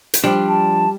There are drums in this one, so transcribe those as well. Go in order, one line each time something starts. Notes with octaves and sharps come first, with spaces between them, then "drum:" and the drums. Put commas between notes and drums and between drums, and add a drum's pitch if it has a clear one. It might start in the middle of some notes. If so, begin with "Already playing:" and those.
drum: hi-hat
F3 G3 D4
A5